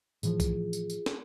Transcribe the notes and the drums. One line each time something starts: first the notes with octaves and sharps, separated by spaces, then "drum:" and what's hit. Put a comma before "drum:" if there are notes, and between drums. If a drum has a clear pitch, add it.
A2 E3 F3 F4 G#4, drum: tambourine
drum: kick, tambourine
drum: tambourine
drum: tambourine
drum: snare